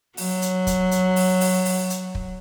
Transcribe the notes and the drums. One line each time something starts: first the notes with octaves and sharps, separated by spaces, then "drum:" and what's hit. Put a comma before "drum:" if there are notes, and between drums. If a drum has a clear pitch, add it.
F#3, drum: open hi-hat
drum: hi-hat
drum: kick, hi-hat
drum: hi-hat
drum: open hi-hat
drum: open hi-hat
drum: open hi-hat
drum: hi-hat
drum: kick